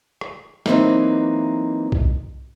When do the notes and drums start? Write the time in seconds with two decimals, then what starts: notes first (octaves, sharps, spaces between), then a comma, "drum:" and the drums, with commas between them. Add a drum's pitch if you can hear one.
0.21 drum: rim click
0.66 E3 F#3 A#3 C4 D#4, drum: snare
1.92 drum: kick B1